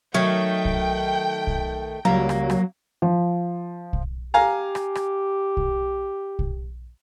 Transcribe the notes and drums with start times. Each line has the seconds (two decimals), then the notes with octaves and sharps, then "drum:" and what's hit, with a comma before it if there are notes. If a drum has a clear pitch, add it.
0.14 D#3 F#3 A3 C#5 G5
0.65 drum: kick
1.47 drum: kick
2.05 C#2 F#3 G3 A#3 A#5
2.29 drum: rim click
2.50 drum: rim click
3.02 F3
3.93 drum: kick
4.34 G4 F5 G#5 A#5
4.75 drum: rim click
4.95 drum: rim click
5.57 drum: kick
6.39 drum: kick